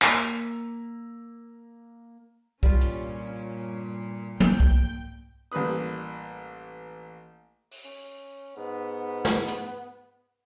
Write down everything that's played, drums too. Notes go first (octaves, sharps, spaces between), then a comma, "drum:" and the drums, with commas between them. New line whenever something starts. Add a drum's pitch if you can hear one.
A#3 A#5 E6 B6 F7, drum: clap
G2 A#2 G3 C#4 F4, drum: kick C2
drum: hi-hat
A#3 G5, drum: tom
drum: kick C2
A1 G3 A#3 B4 D#6
drum: open hi-hat
C#4
G#2 B3
drum: snare
drum: hi-hat